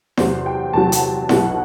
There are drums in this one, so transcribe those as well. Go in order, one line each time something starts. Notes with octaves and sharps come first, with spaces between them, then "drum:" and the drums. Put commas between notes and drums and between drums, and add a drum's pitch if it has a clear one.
E2 C3 F#3 C5, drum: snare E4
G5
E2 C3 F#3 A5
drum: hi-hat
B1 B2 F#3 F#5, drum: snare E4